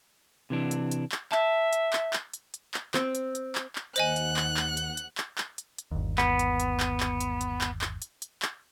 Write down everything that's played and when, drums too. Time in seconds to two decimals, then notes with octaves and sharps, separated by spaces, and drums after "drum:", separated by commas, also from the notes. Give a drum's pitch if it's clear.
0.50 C3 E3 D4
0.71 drum: hi-hat
0.91 drum: hi-hat
1.12 drum: clap
1.32 E5 A5, drum: clap
1.73 drum: hi-hat
1.93 drum: clap
2.13 drum: clap
2.34 drum: hi-hat
2.54 drum: hi-hat
2.74 drum: clap
2.94 C4, drum: clap
3.15 drum: hi-hat
3.35 drum: hi-hat
3.55 drum: clap
3.76 drum: clap
3.96 D#2 C5 D#5 F#5 G#5 F#6, drum: hi-hat
4.16 drum: hi-hat
4.36 drum: clap
4.57 drum: clap
4.77 drum: hi-hat
4.97 drum: hi-hat
5.18 drum: clap
5.38 drum: clap
5.58 drum: hi-hat
5.78 drum: hi-hat
5.91 G1 D#2
6.18 B3, drum: clap
6.39 drum: hi-hat
6.60 drum: hi-hat
6.80 drum: clap
7.00 drum: clap
7.20 drum: hi-hat
7.41 drum: hi-hat
7.61 drum: clap
7.81 drum: clap
8.02 drum: hi-hat
8.22 drum: hi-hat
8.42 drum: clap